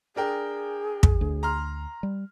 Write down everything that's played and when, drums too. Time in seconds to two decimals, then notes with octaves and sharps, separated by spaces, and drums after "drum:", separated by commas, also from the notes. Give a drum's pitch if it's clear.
0.16 D4 G#4 A#4 G5
1.03 drum: kick
1.21 D2
1.43 A#5 C6 F6
2.03 G3